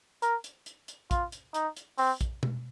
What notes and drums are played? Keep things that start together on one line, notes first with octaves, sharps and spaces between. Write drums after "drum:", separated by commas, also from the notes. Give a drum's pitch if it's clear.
A#4, drum: hi-hat
drum: hi-hat
drum: hi-hat
drum: hi-hat
F4, drum: kick A#1, hi-hat
drum: hi-hat
D#4, drum: hi-hat
drum: hi-hat
C4, drum: open hi-hat
drum: kick A#1, hi-hat
drum: tom B2